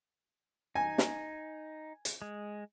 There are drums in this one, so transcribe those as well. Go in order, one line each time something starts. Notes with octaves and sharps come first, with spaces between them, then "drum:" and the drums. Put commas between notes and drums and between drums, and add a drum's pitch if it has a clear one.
D#4 G#5
drum: snare
drum: hi-hat
G#3